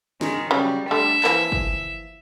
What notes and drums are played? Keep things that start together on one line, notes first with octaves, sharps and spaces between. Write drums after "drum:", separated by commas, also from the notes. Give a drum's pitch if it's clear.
D#3 G#3, drum: snare
C#3 F#3 G3
D3 G3 A3 E5
E3 F3 A#3, drum: clap
drum: kick